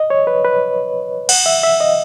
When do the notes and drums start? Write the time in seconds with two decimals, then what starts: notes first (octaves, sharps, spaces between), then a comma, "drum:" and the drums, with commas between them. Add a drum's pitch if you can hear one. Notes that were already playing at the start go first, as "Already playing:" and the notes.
Already playing: D#5
0.10 C#5
0.27 B4
0.45 B4
1.29 F#5, drum: cymbal
1.46 E5
1.63 E5
1.80 D#5